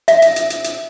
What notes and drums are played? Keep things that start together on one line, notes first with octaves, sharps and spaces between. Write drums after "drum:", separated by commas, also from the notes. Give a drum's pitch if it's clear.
E5, drum: hi-hat
drum: hi-hat
drum: hi-hat
drum: hi-hat
drum: hi-hat